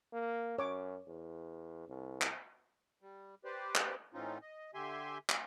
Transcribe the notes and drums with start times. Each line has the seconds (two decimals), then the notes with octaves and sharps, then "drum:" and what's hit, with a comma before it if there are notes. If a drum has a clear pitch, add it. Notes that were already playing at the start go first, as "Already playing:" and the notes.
0.13 A#3
0.59 F#2 C#5 D6
1.07 E2
1.88 C2
2.21 drum: clap
3.01 G3
3.45 G4 B4 C5 D5
3.75 drum: clap
4.14 A2 E3 C4 C#4 D#4 F4
4.42 D#5
4.74 D3 G4 E5 G#5 C6
5.29 drum: clap